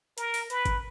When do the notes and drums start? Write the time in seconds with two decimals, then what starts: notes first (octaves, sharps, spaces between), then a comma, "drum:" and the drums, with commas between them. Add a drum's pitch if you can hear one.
0.18 A#4, drum: hi-hat
0.34 drum: open hi-hat
0.50 B4, drum: hi-hat
0.65 drum: kick G1, hi-hat